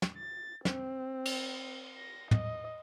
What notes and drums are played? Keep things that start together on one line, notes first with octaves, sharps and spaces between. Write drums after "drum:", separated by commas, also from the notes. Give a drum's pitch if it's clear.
drum: snare
A6
C4, drum: snare
drum: cymbal
A#6
D#5, drum: tom